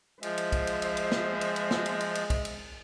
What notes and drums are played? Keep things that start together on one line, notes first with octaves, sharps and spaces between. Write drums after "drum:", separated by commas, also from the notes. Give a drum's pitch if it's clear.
F3 G#3 C5 E5, drum: cymbal
drum: cymbal
drum: kick B1, cymbal
drum: cymbal
drum: cymbal
drum: cymbal
drum: snare
drum: cymbal
drum: cymbal
drum: snare
drum: cymbal
drum: cymbal
drum: cymbal
drum: kick B1, cymbal
drum: cymbal